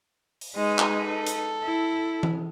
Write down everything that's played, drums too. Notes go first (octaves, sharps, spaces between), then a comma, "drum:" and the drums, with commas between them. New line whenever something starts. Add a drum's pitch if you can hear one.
drum: open hi-hat
G#3 D#4 B4
drum: clap
A4
drum: hi-hat
E4
drum: tom E3